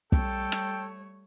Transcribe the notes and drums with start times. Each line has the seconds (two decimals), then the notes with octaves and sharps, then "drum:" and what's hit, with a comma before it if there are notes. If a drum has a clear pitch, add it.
0.12 G3 A3 A4 C#5 G5, drum: kick
0.52 drum: rim click